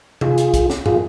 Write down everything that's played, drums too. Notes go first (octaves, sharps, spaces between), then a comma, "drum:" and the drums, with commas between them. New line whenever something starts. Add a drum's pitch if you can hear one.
F4 G#4, drum: tom C3
drum: hi-hat
drum: kick, hi-hat
drum: snare
F4 G#4, drum: tom